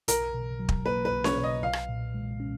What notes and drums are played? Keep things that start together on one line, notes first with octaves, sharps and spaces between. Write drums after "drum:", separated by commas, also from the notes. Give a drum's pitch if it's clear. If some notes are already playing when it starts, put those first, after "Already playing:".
B1 A#4, drum: hi-hat
B2
F#3
drum: kick
A#3 B4
B4
B1
C#5, drum: snare C#4
B2
D#5
B1 F5
drum: rim click
A#2
G#3
C#4